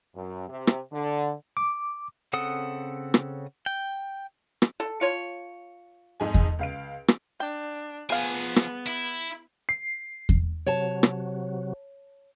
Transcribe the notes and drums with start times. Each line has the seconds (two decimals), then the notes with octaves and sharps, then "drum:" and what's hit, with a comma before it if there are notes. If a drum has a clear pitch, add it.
0.15 F#2
0.49 C3
0.67 drum: rim click
0.92 D3
1.57 D6
2.33 C#3 C4 A4 F#5 D#6
3.14 drum: rim click
3.66 G5
4.62 drum: rim click
4.80 A4
5.01 F4 C#5
6.20 F2 G#2 G#5
6.34 drum: kick E2
6.59 C#2 F5 D7
7.08 drum: rim click
7.40 D4 G5
8.10 F3 B3 G#4 F5 G#5
8.56 drum: rim click
8.86 E4
9.69 C7
10.29 drum: kick E2
10.67 C3 F#3 C#5 A5
11.03 drum: rim click